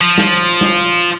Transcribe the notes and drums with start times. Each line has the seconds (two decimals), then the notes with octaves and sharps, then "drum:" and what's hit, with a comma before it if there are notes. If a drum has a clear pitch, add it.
0.01 F3
0.18 drum: snare
0.43 drum: tambourine
0.61 drum: snare